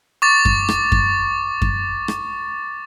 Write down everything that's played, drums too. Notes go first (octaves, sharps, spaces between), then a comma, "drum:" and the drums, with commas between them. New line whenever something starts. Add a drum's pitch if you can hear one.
C#6 D6 A6
drum: kick F#2
drum: rim click
drum: kick F#2
drum: kick F#2
drum: rim click